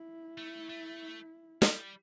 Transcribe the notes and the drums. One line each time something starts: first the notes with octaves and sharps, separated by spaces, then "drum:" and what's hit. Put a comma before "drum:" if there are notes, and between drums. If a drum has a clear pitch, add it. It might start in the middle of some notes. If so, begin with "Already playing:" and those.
Already playing: E4
A3
A3
G3, drum: snare